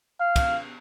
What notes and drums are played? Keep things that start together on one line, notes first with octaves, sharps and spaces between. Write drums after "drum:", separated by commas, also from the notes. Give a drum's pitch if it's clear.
F5
drum: kick, cymbal